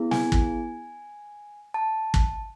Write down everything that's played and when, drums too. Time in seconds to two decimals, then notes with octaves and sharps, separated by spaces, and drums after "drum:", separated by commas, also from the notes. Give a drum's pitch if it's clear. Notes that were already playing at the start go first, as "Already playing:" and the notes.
Already playing: B3 E4 G#4
0.11 G#5, drum: snare
0.32 drum: kick
1.74 A5
2.14 drum: kick